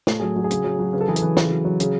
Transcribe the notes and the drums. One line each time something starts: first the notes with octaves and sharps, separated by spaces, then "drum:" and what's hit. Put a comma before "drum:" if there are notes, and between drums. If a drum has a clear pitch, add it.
A2 A4, drum: snare
F#3 G#4
F#3
G#4
C#3, drum: hi-hat
F#3
F#3
C#3 B4
A4
E3 G#4
A4, drum: hi-hat
E3
C#3, drum: snare
F#3
F#3
C#3, drum: hi-hat